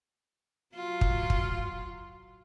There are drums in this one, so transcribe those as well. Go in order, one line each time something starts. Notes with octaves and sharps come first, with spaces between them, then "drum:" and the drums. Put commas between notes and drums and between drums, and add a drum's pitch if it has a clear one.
F#3 F4
drum: kick
drum: kick